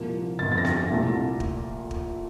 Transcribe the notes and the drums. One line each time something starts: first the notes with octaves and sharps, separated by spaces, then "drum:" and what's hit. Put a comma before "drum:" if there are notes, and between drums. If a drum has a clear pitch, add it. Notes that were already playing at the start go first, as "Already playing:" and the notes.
Already playing: C2 A#2 F3 A#3
G1 F2 D3 A6
A6
A#6
A6, drum: snare B3
A#6
C2 A#2 A3
drum: kick
drum: kick